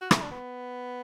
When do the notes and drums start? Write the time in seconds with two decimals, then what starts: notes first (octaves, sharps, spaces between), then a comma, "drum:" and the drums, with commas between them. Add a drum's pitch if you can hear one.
0.01 F#4
0.11 E4, drum: rim click
0.22 D4
0.32 B3